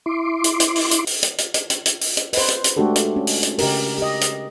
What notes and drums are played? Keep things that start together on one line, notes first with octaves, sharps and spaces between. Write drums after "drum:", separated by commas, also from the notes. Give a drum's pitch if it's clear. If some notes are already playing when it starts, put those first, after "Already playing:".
E4 C6 D6
drum: hi-hat
drum: hi-hat
drum: open hi-hat
drum: hi-hat
drum: open hi-hat
drum: hi-hat
drum: hi-hat
drum: hi-hat
drum: hi-hat
drum: hi-hat
drum: open hi-hat
drum: hi-hat
B4 C5, drum: open hi-hat
drum: hi-hat
drum: hi-hat
G#3 A3 D4 F#4 G4 A4
drum: hi-hat
C#4
drum: open hi-hat
drum: hi-hat
C#3 G4 A#4, drum: open hi-hat
G4 D#5
drum: hi-hat